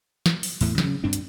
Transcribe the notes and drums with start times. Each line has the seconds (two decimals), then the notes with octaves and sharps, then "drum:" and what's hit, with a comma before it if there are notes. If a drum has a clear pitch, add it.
0.26 drum: snare
0.43 drum: open hi-hat
0.61 E2 A2 A3, drum: open hi-hat
0.78 C#3 F#3 G3 C#4, drum: snare
1.04 D2 G2 C4 D4
1.13 drum: hi-hat